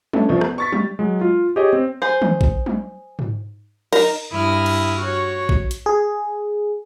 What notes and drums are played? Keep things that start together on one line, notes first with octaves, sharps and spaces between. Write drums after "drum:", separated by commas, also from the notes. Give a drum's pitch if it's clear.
A3 B3 C#4 D4, drum: tom F#3
C2 F3 C#6
B3, drum: rim click
C#6 A6 B6
G3, drum: tom F#3
F#3 G#3
F4
G4 G#4 C#5 D#5
C4
G#4 C5
drum: tom D#3
drum: kick A#1
drum: tom F#3
drum: tom G#2
D#4 A#4, drum: cymbal
G2 E4 D#6 F6
drum: cymbal
F#4 C#5
drum: kick A#1
drum: hi-hat
G#4